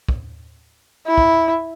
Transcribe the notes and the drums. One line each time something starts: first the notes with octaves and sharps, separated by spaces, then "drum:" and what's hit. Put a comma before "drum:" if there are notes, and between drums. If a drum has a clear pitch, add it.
drum: kick
E4
drum: kick